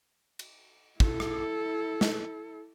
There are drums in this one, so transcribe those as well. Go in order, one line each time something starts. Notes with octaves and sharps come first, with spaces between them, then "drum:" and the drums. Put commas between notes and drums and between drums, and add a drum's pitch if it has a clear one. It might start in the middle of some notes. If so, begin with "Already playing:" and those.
drum: cymbal
E4 A4, drum: kick
drum: rim click
drum: snare